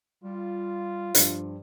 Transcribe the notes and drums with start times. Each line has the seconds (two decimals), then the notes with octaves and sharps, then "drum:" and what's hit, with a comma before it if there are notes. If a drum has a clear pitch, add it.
0.23 G3 F4
1.15 G2 F3, drum: hi-hat